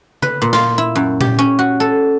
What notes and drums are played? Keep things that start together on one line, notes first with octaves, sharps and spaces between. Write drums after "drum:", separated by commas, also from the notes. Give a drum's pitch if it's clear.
B4, drum: tom C#3
A#2
F4, drum: snare
E4
F#2
G4, drum: tom A#2
C#4
F#4
A4